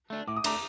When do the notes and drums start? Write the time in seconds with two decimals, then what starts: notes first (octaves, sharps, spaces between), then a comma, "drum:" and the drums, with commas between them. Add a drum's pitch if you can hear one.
0.10 A3 D4
0.28 A2 D6
0.36 D#6
0.44 A3 D4 A#5 D6, drum: cymbal